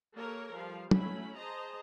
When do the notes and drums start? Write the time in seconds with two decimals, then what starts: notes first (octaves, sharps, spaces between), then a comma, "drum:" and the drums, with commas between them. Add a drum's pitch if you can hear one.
0.16 A#3 G4 A4 A#4 C#5
0.53 F3 G3 F5
0.91 F#3 A3 C#4 E4 B5, drum: tom
1.35 G#4 C5 D#5 A5 A#5